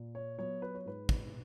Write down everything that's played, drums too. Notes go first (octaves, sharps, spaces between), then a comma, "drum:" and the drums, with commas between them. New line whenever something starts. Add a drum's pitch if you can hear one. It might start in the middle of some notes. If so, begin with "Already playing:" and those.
Already playing: A#2
C#5
F#3 B3 C#5
B4
C#5
G#2 B4
drum: kick